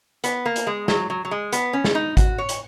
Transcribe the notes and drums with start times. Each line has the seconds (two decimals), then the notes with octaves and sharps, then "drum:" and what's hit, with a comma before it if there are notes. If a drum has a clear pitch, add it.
0.24 B3, drum: hi-hat
0.46 A#3
0.56 drum: hi-hat
0.67 G#3
0.88 F#3, drum: snare
1.10 F#3
1.25 F#3
1.31 G#3
1.53 B3, drum: hi-hat
1.73 C#4
1.84 drum: snare
1.95 D#4
2.17 F#4, drum: kick G#1, hi-hat
2.38 C#5
2.49 drum: hi-hat